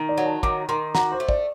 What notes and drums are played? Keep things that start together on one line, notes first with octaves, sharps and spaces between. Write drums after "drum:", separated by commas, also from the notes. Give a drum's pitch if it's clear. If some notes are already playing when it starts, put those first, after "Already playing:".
Already playing: D#3
D5
F#3
A5
D#3 D6, drum: kick
D#3 C6
F#4 A#5, drum: snare
C5
A3
D5, drum: kick